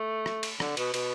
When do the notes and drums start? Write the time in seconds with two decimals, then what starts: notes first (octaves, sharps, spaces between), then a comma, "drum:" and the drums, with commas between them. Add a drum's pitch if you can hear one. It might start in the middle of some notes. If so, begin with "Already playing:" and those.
Already playing: A3
0.26 drum: rim click
0.43 drum: cymbal
0.60 D3, drum: rim click
0.77 B2, drum: cymbal
0.94 B2, drum: cymbal